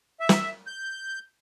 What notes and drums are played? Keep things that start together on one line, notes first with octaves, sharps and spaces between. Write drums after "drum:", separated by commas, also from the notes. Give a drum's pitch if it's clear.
E5
drum: snare
G6